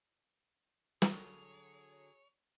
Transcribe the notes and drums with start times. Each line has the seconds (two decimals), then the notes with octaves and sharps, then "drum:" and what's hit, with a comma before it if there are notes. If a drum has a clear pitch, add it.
1.02 D3 F#3 G#4 A4 C#5, drum: snare